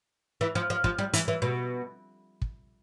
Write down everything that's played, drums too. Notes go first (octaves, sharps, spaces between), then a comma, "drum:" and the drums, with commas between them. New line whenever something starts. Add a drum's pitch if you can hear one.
E3
F3
F3
F3, drum: kick
G3
E3, drum: hi-hat
E3
B2
drum: kick